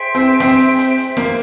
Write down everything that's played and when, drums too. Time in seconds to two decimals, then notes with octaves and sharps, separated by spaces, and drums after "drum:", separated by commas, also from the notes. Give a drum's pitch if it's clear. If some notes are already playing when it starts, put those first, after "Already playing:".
Already playing: G#4 C5 E5 G5
0.15 C4
0.40 C4, drum: snare
0.59 drum: hi-hat
0.78 drum: hi-hat
0.97 drum: hi-hat
1.17 A#3, drum: snare